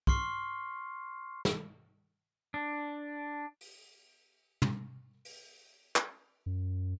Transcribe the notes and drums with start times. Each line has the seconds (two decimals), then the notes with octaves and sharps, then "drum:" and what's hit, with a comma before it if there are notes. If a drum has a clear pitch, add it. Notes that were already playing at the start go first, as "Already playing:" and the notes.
0.07 C6 C#6 F6 C7, drum: kick
1.45 drum: snare
2.54 D4
3.61 drum: open hi-hat
4.62 drum: tom
5.25 drum: open hi-hat
5.96 drum: clap
6.46 F#2